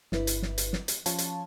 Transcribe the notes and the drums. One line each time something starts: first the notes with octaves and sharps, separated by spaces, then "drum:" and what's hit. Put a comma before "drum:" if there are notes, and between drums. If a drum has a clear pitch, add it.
G1 E4 B4, drum: snare
drum: hi-hat
drum: snare
drum: hi-hat
drum: snare
drum: hi-hat
F3 C#4 C#5 F5 A5, drum: hi-hat
drum: hi-hat